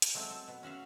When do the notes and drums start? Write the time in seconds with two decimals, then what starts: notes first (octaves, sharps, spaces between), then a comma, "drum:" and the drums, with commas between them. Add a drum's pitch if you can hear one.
0.02 drum: hi-hat
0.14 F#3 G#3 A3 C4
0.30 A4
0.48 B2
0.63 C#4 F#4 E5 F5